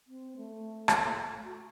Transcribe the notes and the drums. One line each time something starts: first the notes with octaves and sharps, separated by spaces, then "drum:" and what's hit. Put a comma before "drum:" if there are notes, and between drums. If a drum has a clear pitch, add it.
C4
A3
drum: rim click
F#4